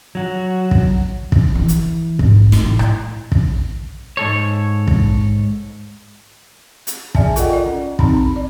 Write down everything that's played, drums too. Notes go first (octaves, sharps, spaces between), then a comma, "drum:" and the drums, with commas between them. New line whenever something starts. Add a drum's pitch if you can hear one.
F#3 F#4
drum: kick
drum: kick
E3
drum: hi-hat
G#2, drum: kick
A3, drum: snare
A2
drum: rim click
drum: kick
G#2 A4 C#5
drum: kick
drum: hi-hat
G#4 D5 E5 G#5 A5, drum: kick
F4 A4 A#4 D#5 F#5 G5, drum: hi-hat
D5
C#4
C4 D#4 G4 A#5 B5, drum: kick
D5